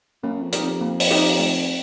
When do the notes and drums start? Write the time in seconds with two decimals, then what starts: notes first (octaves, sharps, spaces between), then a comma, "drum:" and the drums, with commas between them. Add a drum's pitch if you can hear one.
0.23 F#2 A#3
0.43 F2
0.53 D#4 G4 A#4, drum: hi-hat
0.62 F2
0.81 A#3
1.00 drum: open hi-hat
1.11 D#4 G4 A#4
1.40 A3